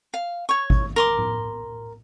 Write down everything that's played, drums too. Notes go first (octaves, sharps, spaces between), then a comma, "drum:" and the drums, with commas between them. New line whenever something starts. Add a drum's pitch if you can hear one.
F5
C#5 C#6
drum: kick G#1
A#4 C6 D6
drum: tom A2